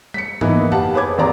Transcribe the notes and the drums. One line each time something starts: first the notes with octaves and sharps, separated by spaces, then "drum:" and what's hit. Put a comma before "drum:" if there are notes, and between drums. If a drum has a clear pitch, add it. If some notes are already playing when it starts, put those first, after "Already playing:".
B6 C#7, drum: tom G3
E3 A#3 B3 D#4 E4, drum: tom G#2
G4 F5 F#5 A5, drum: tom F2
G#4 B4 C#5 D6 G#6
G#1 D#2 A#3 D5 A#5